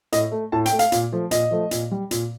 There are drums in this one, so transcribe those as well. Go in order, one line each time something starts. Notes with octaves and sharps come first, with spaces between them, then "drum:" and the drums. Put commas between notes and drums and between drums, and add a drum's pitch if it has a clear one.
A2 D#5, drum: hi-hat
A3
A2 A5
G5, drum: hi-hat
A3
F5, drum: hi-hat
A#2, drum: hi-hat
F3 A3
A#2 D#5, drum: hi-hat
F3 A3
A#2, drum: hi-hat
G3
A#2, drum: hi-hat